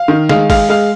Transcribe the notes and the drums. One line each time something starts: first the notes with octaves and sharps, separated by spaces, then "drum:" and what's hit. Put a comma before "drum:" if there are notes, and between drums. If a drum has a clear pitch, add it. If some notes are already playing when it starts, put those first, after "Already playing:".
Already playing: F5
D#3
G#3 F5, drum: snare
G#3 F5, drum: kick G1, open hi-hat
G#3 F5